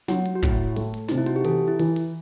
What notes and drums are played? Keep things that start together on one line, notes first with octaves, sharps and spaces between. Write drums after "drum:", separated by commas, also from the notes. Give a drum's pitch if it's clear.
F#3 F#4, drum: snare
drum: hi-hat
F#4
A2 E4, drum: kick, hi-hat
A3, drum: open hi-hat
drum: hi-hat
C3 D#4, drum: snare
E4
F#4, drum: hi-hat
G4
E3 A4, drum: hi-hat
E4
E3, drum: open hi-hat
drum: open hi-hat